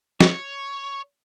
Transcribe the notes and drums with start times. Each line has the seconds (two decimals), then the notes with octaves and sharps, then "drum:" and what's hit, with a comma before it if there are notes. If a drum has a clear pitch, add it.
0.20 C#5, drum: snare